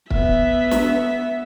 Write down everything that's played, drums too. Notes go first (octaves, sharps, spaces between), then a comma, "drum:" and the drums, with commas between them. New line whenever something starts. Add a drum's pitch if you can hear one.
B3 E5, drum: kick
drum: snare